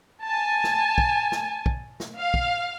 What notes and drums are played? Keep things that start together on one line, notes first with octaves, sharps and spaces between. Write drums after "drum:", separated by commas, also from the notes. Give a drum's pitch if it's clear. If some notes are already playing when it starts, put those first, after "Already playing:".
G#5 A5
drum: snare
drum: kick
drum: snare
drum: kick
drum: snare
F5
drum: kick